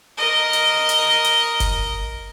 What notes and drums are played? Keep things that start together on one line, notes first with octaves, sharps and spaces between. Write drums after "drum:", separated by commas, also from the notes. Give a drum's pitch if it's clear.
A#4 D#5
drum: hi-hat
drum: hi-hat
drum: hi-hat
drum: kick F#1, hi-hat